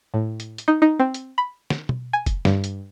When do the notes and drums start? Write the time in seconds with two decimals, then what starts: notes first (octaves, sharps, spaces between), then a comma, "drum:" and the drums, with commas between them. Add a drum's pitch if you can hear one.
0.14 A2
0.40 drum: hi-hat
0.58 drum: hi-hat
0.68 D#4
0.82 D#4
1.00 C4
1.14 drum: hi-hat
1.38 B5
1.70 drum: snare
1.89 drum: tom
2.13 G#5
2.26 drum: kick, hi-hat
2.45 G2, drum: snare
2.64 drum: hi-hat